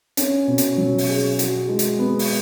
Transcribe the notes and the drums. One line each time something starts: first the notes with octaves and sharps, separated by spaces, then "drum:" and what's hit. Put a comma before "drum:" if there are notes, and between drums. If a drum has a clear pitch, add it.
C#4, drum: hi-hat
B2
drum: hi-hat
F#3
drum: open hi-hat
G#4
F#4, drum: hi-hat
G#3
drum: hi-hat
B3
drum: open hi-hat